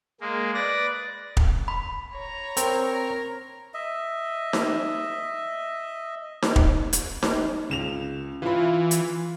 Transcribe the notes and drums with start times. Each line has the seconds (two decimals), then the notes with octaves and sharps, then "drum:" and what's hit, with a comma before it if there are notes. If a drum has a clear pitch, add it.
0.21 G#3 A#3
0.54 B4 D5 A#6
1.37 drum: kick
1.68 B5
2.13 C#5 A#5
2.57 C4 A#4, drum: hi-hat
3.74 D#5 E5
4.53 drum: snare D#4
6.42 drum: snare D#4
6.56 drum: kick
6.93 drum: hi-hat
7.23 drum: snare D#4
7.69 C#2 E7 F7
8.42 E3 F4 B5
8.91 drum: hi-hat